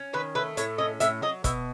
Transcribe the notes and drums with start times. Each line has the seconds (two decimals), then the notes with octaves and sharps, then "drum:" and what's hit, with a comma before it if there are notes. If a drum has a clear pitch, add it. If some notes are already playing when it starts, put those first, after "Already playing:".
Already playing: C#4
0.13 D#3 B4
0.35 A3 B4
0.57 A2 C#5, drum: hi-hat
0.78 C#4 D#5
1.00 A2 E5, drum: hi-hat
1.22 F#3 D#5
1.44 B2 E5, drum: kick, hi-hat